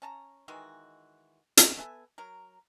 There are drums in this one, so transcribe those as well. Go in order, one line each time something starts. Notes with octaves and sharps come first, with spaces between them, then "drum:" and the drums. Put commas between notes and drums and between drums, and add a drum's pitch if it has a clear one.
C#4 A5 A#5
D#3 E3 G#3 F#4
C#5, drum: hi-hat
B3 A4 E5 G#5
F#3 A#4